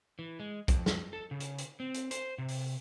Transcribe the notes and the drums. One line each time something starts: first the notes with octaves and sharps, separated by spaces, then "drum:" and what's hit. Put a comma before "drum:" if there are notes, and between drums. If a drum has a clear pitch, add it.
E3
G#3
F2, drum: kick, hi-hat
drum: snare
A4
C#3
drum: hi-hat
drum: hi-hat
C4
drum: hi-hat
C5, drum: hi-hat
C3
drum: open hi-hat